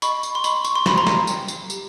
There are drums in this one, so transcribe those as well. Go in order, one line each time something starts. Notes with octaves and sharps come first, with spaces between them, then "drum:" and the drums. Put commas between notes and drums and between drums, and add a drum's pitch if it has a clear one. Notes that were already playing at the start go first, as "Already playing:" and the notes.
D#5 B5 C#6, drum: tambourine
drum: tambourine
C6
D#5 B5 C#6, drum: tambourine
C#6, drum: tambourine
C6
C5 B5, drum: snare
A#5 C6
drum: snare
G5, drum: tambourine
drum: tambourine
G4, drum: tambourine